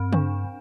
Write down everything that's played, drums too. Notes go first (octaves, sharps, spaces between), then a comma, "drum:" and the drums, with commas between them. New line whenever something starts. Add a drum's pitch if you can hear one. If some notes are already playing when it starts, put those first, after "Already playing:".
Already playing: G2 C4
D4, drum: tom C#3